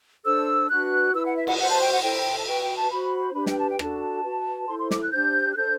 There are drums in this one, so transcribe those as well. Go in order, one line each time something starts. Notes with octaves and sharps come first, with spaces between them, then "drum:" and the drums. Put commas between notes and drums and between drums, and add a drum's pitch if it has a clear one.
D4 A4 C5 E6
D4 F#4 B4 F#6
E4 B4 E6
F#5
E5
F#5, drum: cymbal
F#4 C5 F#5
A5
G5
F#5
E4 A4 C5 G5
A5
F#4 B4 G5
G5
A5
F#4 C5 B5
D4 G4 B4 B5
G5, drum: snare
A5
G5
D4 F#4 A4 A5, drum: rim click
F#4 B4
E4 A4 C5 C6
C6
D6, drum: snare
F#6
D4 G4 C5 G6
F#6
D4 A4 C5 G6